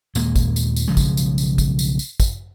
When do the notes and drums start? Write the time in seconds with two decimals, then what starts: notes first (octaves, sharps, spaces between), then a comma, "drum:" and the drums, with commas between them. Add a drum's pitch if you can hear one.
0.15 D#2 A#2 G#3 A#3, drum: tambourine
0.36 drum: kick, tambourine
0.56 drum: tambourine
0.76 drum: tambourine
0.88 B1 C#3 F3 G#3
0.97 drum: kick, tambourine
1.17 drum: tambourine
1.38 drum: tambourine
1.58 drum: kick, tambourine
1.79 drum: tambourine
1.99 drum: tambourine
2.20 drum: kick, tambourine